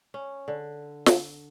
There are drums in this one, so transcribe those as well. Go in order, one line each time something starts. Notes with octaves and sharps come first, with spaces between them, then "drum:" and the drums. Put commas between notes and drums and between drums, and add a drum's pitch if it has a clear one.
C#4
D3
drum: snare